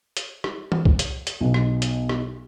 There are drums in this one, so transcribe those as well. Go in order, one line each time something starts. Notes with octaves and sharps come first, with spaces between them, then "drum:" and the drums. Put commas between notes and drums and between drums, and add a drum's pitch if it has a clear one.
drum: hi-hat
drum: rim click
drum: tom E3
drum: kick C2
drum: hi-hat
drum: hi-hat
B1 B2
drum: rim click
drum: hi-hat
drum: rim click